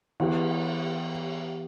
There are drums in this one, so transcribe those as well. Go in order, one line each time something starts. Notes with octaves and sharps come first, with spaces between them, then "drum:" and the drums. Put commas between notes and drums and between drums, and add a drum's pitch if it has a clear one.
E3 B3 G4, drum: cymbal